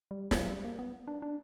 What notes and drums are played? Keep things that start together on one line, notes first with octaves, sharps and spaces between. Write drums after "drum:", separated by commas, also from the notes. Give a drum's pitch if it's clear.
G3
F#3, drum: snare
G3
A#3
B3
D4
D4